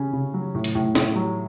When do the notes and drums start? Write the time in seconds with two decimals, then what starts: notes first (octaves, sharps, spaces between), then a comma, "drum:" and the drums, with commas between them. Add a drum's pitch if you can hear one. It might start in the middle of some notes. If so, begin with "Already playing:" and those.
Already playing: C#3 C#4
0.13 C#3
0.34 F#3
0.55 A2
0.64 drum: hi-hat
0.75 A2
0.95 A2, drum: snare
1.16 F#3